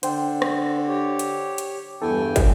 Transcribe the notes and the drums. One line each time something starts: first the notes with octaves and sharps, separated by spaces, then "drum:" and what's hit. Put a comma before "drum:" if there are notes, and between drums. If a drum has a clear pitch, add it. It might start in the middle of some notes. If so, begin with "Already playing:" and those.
D3 C5 G5, drum: hi-hat
drum: rim click
G4 C#5
drum: hi-hat
drum: hi-hat
E2 G2 A4 G5 G#5
drum: kick, hi-hat